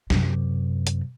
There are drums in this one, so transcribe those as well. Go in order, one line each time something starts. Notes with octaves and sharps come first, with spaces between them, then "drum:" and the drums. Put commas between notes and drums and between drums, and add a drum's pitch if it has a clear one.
F#2 C3, drum: snare
drum: hi-hat